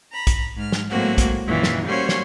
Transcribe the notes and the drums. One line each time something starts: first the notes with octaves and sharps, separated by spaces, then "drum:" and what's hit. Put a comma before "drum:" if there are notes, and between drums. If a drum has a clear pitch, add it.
A#5 B5
drum: kick, hi-hat
G#2 F6
drum: snare
A2 F#3 G#3 A#3 C4 F#4
drum: kick, hi-hat
F#2 A#2 D#3 E3
drum: snare
G3 A#3 C#4 F#4 C5 C#5
drum: snare